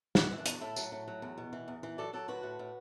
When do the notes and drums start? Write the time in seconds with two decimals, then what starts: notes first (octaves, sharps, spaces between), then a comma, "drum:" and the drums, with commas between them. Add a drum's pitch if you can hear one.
0.15 E3 F#4 B4, drum: snare
0.31 E3 E4
0.38 D4 F#4
0.46 E2, drum: hi-hat
0.61 A2 E4 A4
0.76 F#3, drum: tambourine
0.92 A2
1.08 F#3
1.22 E2
1.38 B2
1.53 E3
1.68 E2
1.83 E3
1.98 F#3 A4 D5
2.13 F#3 A4 D5
2.28 D2 F#4 B4
2.43 A2
2.59 A2